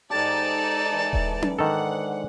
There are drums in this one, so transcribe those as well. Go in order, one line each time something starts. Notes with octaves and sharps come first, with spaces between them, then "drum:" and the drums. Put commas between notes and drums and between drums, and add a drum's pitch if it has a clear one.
G#2 D#4 G4 A4 D5 A5
E3
drum: kick D#1
drum: tom C#4
G#2 D3 D#3 A4 F#5